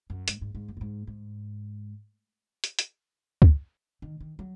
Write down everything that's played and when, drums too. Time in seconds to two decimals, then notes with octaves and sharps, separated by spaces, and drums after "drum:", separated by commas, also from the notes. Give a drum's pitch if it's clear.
0.10 F#2
0.28 G#2, drum: hi-hat
0.41 G#2
0.55 G#2
0.68 F#2
0.77 A#2
0.81 G#2
1.07 G#2
2.64 drum: hi-hat
2.79 drum: hi-hat
3.42 drum: kick
4.02 D#3
4.20 D#3
4.39 F#3